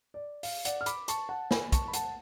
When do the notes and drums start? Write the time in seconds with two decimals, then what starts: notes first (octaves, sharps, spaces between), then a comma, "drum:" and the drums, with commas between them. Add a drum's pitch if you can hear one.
0.14 D5
0.43 F5, drum: open hi-hat
0.65 D5 F#5, drum: hi-hat
0.81 F6
0.86 B5 D6, drum: hi-hat
1.08 A5 C#6, drum: hi-hat
1.29 F#5 A5
1.51 G#5 B5, drum: snare
1.72 A5 C#6, drum: kick, hi-hat
1.88 B5
1.93 F#5 A5, drum: hi-hat